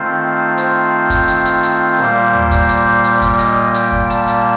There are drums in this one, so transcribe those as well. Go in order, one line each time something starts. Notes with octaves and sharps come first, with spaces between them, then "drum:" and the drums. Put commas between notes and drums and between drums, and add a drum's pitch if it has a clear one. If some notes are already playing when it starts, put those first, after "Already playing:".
Already playing: D#3 A3 C4 F4 C5
C5, drum: hi-hat
drum: kick, hi-hat
drum: hi-hat
drum: hi-hat
drum: hi-hat
A#2 G3 A#3, drum: open hi-hat
drum: tom D#2
drum: kick, hi-hat
drum: hi-hat
drum: hi-hat
drum: kick, hi-hat
D#5, drum: hi-hat
G5, drum: hi-hat
drum: kick
A5, drum: hi-hat
drum: hi-hat